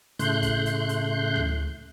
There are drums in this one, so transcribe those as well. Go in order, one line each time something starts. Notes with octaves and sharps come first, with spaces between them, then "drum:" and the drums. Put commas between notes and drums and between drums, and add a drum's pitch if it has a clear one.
A2 C#3 A3 C6 F#6 G6, drum: hi-hat
drum: kick, hi-hat
drum: hi-hat
drum: hi-hat
drum: tom D2